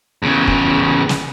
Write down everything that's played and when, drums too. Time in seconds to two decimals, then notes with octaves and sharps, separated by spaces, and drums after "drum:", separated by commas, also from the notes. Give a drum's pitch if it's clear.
0.23 E2 C#3
0.48 drum: kick
1.09 drum: snare